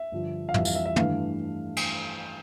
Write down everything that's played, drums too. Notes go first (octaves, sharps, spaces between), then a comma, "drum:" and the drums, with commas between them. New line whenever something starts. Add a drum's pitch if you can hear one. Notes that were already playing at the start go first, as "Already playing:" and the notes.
Already playing: E5
G2 D3 F3
F5
F2 E3 G3 E5, drum: tom
F5, drum: tambourine
E5
E5
G2 E3 A3 F5, drum: tom
drum: cymbal